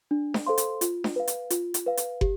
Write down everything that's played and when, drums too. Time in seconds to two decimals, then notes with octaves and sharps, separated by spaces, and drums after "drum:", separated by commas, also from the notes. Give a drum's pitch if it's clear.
0.11 D4
0.34 drum: snare D4
0.46 A4 C5 F5 C6
0.58 drum: hi-hat
0.81 F4, drum: hi-hat
1.04 drum: snare D4
1.16 B4 F5
1.27 drum: hi-hat
1.50 F4, drum: hi-hat
1.74 drum: hi-hat
1.86 B4 F5
1.97 drum: hi-hat
2.21 G4, drum: kick